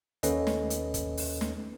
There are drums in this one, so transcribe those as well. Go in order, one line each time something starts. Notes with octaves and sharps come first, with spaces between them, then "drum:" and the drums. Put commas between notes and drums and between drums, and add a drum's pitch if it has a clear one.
D#2 C#4 A4 B4 D#5, drum: hi-hat
drum: snare
drum: hi-hat
drum: kick, hi-hat
drum: open hi-hat
drum: snare